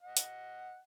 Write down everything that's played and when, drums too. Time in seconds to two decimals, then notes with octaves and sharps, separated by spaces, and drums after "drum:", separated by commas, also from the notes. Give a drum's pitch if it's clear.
0.03 D#5 F#5
0.17 drum: hi-hat